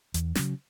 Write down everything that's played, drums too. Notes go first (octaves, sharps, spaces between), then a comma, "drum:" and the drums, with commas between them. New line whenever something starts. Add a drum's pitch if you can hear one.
E2, drum: hi-hat
C#3 F#3, drum: snare